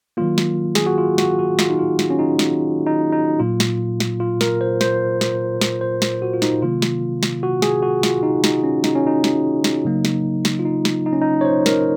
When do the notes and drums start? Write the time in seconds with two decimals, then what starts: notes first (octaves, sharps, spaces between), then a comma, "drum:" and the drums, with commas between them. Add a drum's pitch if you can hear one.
0.17 D#3 F#3 A#3 F4
0.38 drum: snare
0.75 G#4, drum: snare
0.86 F#4
0.98 F4
1.18 F#4, drum: snare
1.39 F#4
1.59 F4, drum: snare
1.70 D#4
1.79 F4
1.99 drum: snare
2.10 C#4
2.19 D#4
2.39 drum: snare
2.86 D#4
3.13 D#4
3.40 A#2 F#3 A#3 F4
3.60 drum: snare
4.00 drum: snare
4.20 F4
4.41 A#4, drum: snare
4.61 C5
4.81 C5, drum: snare
5.21 drum: snare
5.61 drum: snare
5.81 C5
6.02 drum: snare
6.22 F#4
6.34 F4
6.42 D#4, drum: snare
6.62 C3 D#3 F#3 A#3 F4
6.82 drum: snare
7.23 drum: snare
7.43 F#4
7.62 G#4, drum: snare
7.82 F#4
8.03 F4, drum: snare
8.23 D#4
8.44 D#4, drum: snare
8.64 C#4
8.84 D#4, drum: snare
8.95 C#4
9.07 D#4
9.24 drum: snare
9.64 drum: snare
9.85 C#3 F#3 A#3
10.05 drum: snare
10.45 drum: snare
10.59 F4
10.65 D#4
10.85 drum: snare
11.06 D#4
11.13 C#4
11.22 D#4
11.41 C#5
11.45 C5
11.66 A#4, drum: snare